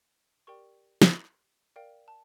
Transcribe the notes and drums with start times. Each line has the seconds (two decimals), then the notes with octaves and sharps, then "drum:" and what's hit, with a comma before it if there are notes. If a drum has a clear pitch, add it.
0.47 G4 A#4 D5 G5 C#6
1.02 drum: snare
1.76 A#4 D5 F5 G5
2.08 A5